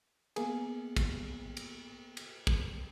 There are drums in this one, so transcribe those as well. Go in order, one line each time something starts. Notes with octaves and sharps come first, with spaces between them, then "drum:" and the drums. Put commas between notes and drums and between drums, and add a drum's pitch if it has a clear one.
A#3 B3 G#4, drum: cymbal
drum: kick, cymbal
drum: cymbal
drum: cymbal
drum: kick